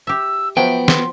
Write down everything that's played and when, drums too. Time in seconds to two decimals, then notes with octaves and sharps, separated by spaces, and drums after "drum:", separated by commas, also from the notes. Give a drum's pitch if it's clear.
0.07 G4 E5 E6
0.57 F3 F#3 B3 E5 G5
0.88 C6, drum: snare